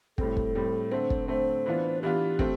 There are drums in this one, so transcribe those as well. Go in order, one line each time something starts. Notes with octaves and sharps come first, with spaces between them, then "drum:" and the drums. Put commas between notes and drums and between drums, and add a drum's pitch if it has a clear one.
A2 G3 C4 A4, drum: kick
drum: kick
A2 G3 C4
D3 A3 C4 C5
drum: kick
D3 A3 C4 C5
E3 B3 D4 F4
E3 B3 D4 F4 G4
A3 C4, drum: kick